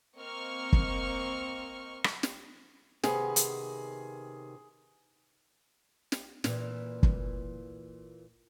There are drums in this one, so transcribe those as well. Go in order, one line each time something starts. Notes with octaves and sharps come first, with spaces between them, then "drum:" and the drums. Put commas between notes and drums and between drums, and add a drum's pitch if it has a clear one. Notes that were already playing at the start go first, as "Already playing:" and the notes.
A#3 C4 D#5 C#6 F6
drum: kick
drum: rim click
drum: snare
C3 D#3 B3 G#4, drum: snare
drum: hi-hat
drum: snare
A#2 E3, drum: snare
drum: kick